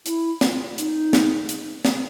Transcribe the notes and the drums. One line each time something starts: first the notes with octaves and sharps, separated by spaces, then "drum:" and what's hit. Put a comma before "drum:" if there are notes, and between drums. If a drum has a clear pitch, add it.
E4, drum: hi-hat
F4, drum: snare
D#4, drum: hi-hat
drum: snare
drum: hi-hat
drum: snare